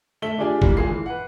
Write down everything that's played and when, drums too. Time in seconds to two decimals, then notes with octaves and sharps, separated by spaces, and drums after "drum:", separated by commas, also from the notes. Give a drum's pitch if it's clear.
0.22 A3 E5 G7
0.38 D4 F4 G4 G#4 D5 G#5
0.62 E3 G3 G#3 A#3, drum: kick G1
0.77 D#1 A#2 G#3 G#4 C7
0.89 E3
1.06 B4 F#5